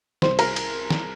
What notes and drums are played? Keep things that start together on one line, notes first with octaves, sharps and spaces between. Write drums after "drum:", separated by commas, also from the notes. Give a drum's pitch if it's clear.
C2 C5 C6, drum: snare
A#4 A#5, drum: cymbal
drum: cymbal
drum: snare